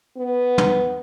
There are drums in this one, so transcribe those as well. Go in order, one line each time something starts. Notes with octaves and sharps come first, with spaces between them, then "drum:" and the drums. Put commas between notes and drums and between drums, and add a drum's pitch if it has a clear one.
B3
drum: tom